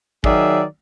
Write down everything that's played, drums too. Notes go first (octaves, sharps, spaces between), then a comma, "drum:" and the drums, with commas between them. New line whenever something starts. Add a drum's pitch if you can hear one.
D#3 F#3 G#4 D5 E5, drum: kick